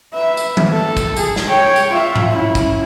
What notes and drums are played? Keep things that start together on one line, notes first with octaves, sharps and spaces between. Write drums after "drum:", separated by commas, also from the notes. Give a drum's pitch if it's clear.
B4 E5
drum: tambourine
drum: tom D#3
A4
drum: kick, tambourine
G#4, drum: tambourine
drum: snare
C#5 G5
drum: tambourine
F4 E5
drum: tom G#2
C#4 E4
drum: kick, tambourine